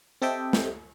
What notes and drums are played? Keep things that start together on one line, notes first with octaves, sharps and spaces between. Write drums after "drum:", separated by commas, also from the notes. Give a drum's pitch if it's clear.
C4 G4 A4 D#5 E5 G5
drum: snare